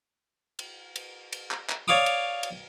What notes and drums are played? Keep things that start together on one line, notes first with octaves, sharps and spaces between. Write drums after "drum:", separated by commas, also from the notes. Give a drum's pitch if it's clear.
drum: cymbal
drum: cymbal
drum: cymbal
drum: clap
drum: clap
C#5 D5 F5 D6 D#6
drum: cymbal
drum: cymbal